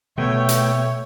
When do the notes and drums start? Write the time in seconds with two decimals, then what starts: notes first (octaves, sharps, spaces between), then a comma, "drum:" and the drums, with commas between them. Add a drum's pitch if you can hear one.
0.18 B2 A3 B3 C#5 E5 G5
0.49 drum: hi-hat